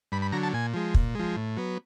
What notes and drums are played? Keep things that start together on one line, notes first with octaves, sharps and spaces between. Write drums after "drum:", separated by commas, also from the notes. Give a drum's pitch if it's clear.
G2 B5
B5
D3 F#3 A#5
A5
A#2 G#5
F3 G#3
A#2, drum: kick
F3 G#3
A2
F#3 B3